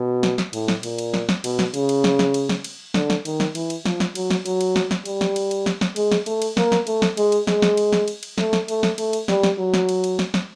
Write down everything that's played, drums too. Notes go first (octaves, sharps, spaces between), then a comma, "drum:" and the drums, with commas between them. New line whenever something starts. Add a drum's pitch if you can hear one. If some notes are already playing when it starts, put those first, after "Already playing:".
Already playing: B2
drum: snare
drum: snare
A2, drum: cymbal
drum: snare
A#2, drum: cymbal
drum: cymbal
drum: snare
drum: snare
B2, drum: cymbal
drum: snare
C#3, drum: cymbal
drum: cymbal
drum: snare
drum: snare
drum: cymbal
drum: snare
drum: cymbal
D3, drum: snare
drum: snare
D#3, drum: cymbal
drum: snare
E3, drum: cymbal
drum: cymbal
F3, drum: snare
drum: snare
F#3, drum: cymbal
drum: snare
F#3, drum: cymbal
drum: cymbal
drum: snare
drum: snare
G3, drum: cymbal
drum: snare
drum: cymbal
drum: cymbal
drum: snare
drum: snare
G#3, drum: cymbal
drum: snare
A3, drum: cymbal
drum: cymbal
A#3, drum: snare
drum: snare
A3, drum: cymbal
drum: snare
G#3, drum: cymbal
drum: cymbal
G#3, drum: snare
drum: snare
drum: cymbal
drum: snare
drum: cymbal
drum: cymbal
A3, drum: snare
drum: snare
A3, drum: cymbal
drum: snare
A3, drum: cymbal
drum: cymbal
G3, drum: snare
drum: snare
F#3
drum: snare
drum: cymbal
drum: cymbal
drum: snare
drum: snare